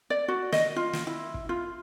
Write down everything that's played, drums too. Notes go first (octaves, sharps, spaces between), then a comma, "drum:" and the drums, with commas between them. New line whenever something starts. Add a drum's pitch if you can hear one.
D5
F#4
D#5, drum: snare
F4
drum: snare
E4
drum: kick
F4